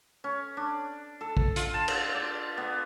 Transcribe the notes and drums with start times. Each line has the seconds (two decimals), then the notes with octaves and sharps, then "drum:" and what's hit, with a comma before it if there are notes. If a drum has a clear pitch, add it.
0.24 C#4
0.57 D4
1.21 A4
1.37 drum: kick
1.56 F4, drum: hi-hat
1.74 A5
1.88 drum: cymbal
2.14 D5
2.58 B3